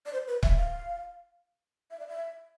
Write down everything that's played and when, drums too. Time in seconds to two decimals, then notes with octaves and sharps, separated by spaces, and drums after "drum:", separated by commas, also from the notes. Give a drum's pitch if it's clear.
0.06 D5
0.13 C5
0.28 B4
0.43 E5, drum: kick C#1
0.57 F5
1.91 E5
1.99 D5
2.07 E5